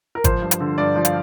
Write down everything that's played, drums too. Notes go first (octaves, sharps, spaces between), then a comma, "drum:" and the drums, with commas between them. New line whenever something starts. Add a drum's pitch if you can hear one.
A#4
F3 C5, drum: kick G#1, hi-hat
G2
drum: hi-hat
D3
G2 D5
F3
F5, drum: hi-hat